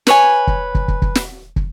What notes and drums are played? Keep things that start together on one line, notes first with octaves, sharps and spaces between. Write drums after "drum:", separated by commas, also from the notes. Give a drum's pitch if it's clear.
B4 C#5 G#5, drum: snare
drum: kick
drum: kick
drum: kick
drum: kick
drum: snare
drum: kick